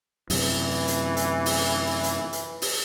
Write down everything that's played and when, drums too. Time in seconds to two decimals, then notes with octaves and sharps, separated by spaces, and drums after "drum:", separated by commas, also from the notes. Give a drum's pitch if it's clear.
0.30 F#2 C3 E3, drum: open hi-hat
0.88 drum: hi-hat
1.17 drum: hi-hat
1.46 drum: open hi-hat
2.04 drum: hi-hat
2.33 drum: hi-hat
2.62 drum: open hi-hat